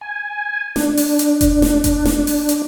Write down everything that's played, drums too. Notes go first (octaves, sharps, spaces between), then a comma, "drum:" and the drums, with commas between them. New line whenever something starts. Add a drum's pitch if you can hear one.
G#5
D4, drum: snare
drum: open hi-hat
drum: hi-hat
drum: kick F1, hi-hat
drum: snare
drum: kick F1, hi-hat
drum: snare
drum: open hi-hat
drum: hi-hat